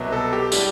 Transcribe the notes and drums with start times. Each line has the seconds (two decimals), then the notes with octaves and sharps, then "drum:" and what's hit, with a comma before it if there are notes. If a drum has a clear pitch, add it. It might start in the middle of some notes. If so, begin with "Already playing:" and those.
Already playing: C2 B2 F#3 B3
0.12 A4
0.33 G4
0.52 A2 G3 D4, drum: tambourine